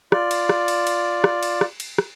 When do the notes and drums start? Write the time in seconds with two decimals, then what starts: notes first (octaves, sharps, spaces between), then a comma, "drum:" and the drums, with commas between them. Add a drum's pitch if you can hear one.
0.12 F4 D5, drum: rim click
0.31 drum: cymbal
0.49 drum: rim click
0.68 drum: cymbal
0.87 drum: cymbal
1.24 drum: rim click
1.43 drum: cymbal
1.61 drum: rim click
1.80 drum: cymbal
1.98 drum: rim click